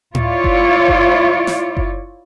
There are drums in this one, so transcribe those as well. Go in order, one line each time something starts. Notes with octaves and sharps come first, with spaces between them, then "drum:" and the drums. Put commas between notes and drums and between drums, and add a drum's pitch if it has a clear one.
E4 F4 C#5 D5, drum: tom A2
drum: kick F#1
drum: kick F#1
drum: snare
drum: kick F#1